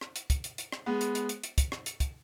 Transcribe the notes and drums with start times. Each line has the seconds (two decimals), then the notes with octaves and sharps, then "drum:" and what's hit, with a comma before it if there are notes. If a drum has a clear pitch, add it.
0.01 drum: rim click
0.16 drum: hi-hat
0.30 drum: kick, hi-hat
0.44 drum: hi-hat
0.58 drum: hi-hat
0.72 drum: rim click
0.86 G#3 B3
1.01 drum: hi-hat
1.15 drum: hi-hat
1.29 drum: hi-hat
1.43 drum: hi-hat
1.58 drum: kick, hi-hat
1.72 drum: rim click
1.86 drum: hi-hat
2.00 drum: kick, hi-hat